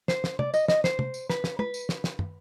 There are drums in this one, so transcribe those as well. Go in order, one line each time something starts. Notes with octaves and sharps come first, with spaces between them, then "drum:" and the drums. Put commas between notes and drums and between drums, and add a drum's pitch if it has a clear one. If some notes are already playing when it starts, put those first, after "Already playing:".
C5, drum: snare
drum: snare
D5, drum: tom
D#5, drum: tambourine
D#5, drum: snare
C5, drum: snare
drum: tom
drum: tambourine
B4, drum: snare
drum: snare
B4, drum: tom
drum: tambourine
drum: snare
drum: snare
drum: tom